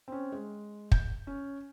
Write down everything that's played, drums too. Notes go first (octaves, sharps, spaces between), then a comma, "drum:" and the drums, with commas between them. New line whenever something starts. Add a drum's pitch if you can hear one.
C4 C#4
G#3
G6, drum: kick
C#4